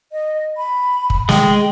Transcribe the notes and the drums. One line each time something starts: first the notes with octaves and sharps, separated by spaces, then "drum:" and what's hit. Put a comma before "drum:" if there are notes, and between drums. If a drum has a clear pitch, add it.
D#5
B5
drum: kick
G#3 G5, drum: snare